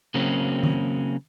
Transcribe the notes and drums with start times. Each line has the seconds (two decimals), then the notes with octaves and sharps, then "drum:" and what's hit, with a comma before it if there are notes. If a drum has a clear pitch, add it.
0.14 C#3 F#3 A#3 C4 C#4
0.63 drum: tom D#3